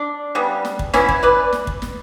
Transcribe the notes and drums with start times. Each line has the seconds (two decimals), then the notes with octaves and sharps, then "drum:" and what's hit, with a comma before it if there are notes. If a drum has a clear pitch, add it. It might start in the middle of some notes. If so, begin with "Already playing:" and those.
Already playing: D4
0.35 C#3 G3 B3
0.65 drum: snare
0.79 drum: kick
0.94 E3 B3 C#4 E4, drum: snare
1.09 drum: kick
1.23 B4 D5
1.53 drum: snare
1.67 drum: kick
1.82 drum: snare